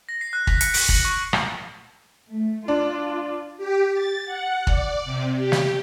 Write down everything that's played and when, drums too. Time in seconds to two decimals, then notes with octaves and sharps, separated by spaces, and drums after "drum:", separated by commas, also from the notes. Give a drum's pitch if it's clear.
0.09 A#6
0.21 C7
0.33 F#6
0.47 B6, drum: kick
0.61 C#7, drum: hi-hat
0.74 D7, drum: open hi-hat
0.89 F#7, drum: kick
1.05 C#6
1.33 drum: rim click
2.29 A3
2.68 D4 F4
3.58 G4
3.93 A6
4.25 F#5
4.67 D5, drum: kick
5.05 C3
5.35 G4
5.52 drum: snare